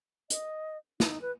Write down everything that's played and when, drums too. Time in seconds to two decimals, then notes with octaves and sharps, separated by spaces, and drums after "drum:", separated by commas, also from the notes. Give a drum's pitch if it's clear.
0.30 D#5, drum: hi-hat
1.00 D#4, drum: snare
1.21 B4